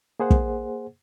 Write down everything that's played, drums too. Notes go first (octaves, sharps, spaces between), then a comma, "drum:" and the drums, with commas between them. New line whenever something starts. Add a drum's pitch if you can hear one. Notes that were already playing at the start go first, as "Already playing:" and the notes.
A#3 G#4 C5 F#5
drum: kick